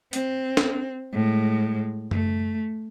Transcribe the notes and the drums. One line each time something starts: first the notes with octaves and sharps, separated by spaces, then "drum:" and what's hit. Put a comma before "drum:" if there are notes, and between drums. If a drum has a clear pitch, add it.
C4, drum: hi-hat
drum: snare
A2 G#3
A3, drum: tom F#2